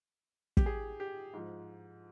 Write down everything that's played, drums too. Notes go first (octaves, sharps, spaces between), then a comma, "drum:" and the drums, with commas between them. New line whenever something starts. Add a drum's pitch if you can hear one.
G4, drum: kick
G#4
G4
G#2 F3